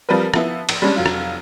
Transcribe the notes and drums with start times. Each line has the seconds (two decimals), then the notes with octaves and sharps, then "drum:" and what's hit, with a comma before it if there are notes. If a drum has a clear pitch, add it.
0.09 F3 G3 C4 A#4 B4
0.34 F3 B3 E4, drum: rim click
0.69 A#1, drum: cymbal
0.82 G3 G#3 C#4 D4
0.96 F1 F#3 F4
1.06 drum: rim click